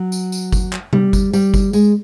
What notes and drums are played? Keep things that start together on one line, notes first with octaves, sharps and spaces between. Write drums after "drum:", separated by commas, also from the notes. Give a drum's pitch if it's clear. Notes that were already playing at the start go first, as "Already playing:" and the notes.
Already playing: F#3
drum: tambourine
drum: tambourine
drum: kick G1, tambourine
drum: clap
G3, drum: tom C3
drum: kick G1, tambourine
G3, drum: tambourine
drum: kick G1, tambourine
G#3, drum: tambourine